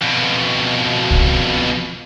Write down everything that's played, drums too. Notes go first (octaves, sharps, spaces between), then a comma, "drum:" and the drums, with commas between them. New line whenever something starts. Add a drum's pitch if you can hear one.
F2 B2
drum: kick C2